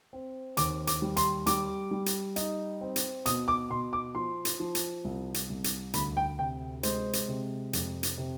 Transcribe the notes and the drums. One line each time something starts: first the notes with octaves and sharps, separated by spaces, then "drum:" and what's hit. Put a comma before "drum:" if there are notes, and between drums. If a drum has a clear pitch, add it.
C4
D#2 D6, drum: hi-hat
D6, drum: hi-hat
G3
C6, drum: hi-hat
G3 D6, drum: hi-hat
G3
drum: hi-hat
D#4, drum: hi-hat
C4
drum: hi-hat
B2 D#6, drum: hi-hat
D6
B2 C6
D6
F3 C6
drum: hi-hat
F3
drum: hi-hat
C2
drum: hi-hat
C2
drum: hi-hat
D2 B5, drum: hi-hat
G5
C3 G5
G#3 C5, drum: hi-hat
drum: hi-hat
C3
F2, drum: hi-hat
drum: hi-hat
C3